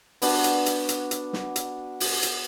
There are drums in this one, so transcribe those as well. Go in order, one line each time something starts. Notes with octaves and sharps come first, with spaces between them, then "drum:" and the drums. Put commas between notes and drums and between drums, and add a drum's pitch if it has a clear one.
B3 D4 F#4 D5, drum: open hi-hat
drum: hi-hat
drum: hi-hat
drum: hi-hat
drum: hi-hat
drum: snare
drum: hi-hat
drum: open hi-hat
drum: hi-hat